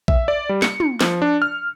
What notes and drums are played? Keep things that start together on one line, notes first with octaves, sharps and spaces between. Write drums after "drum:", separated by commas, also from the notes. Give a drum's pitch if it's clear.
E5, drum: kick A#1
D5
G3
C#7, drum: snare
drum: tom
F3, drum: snare
D4
F6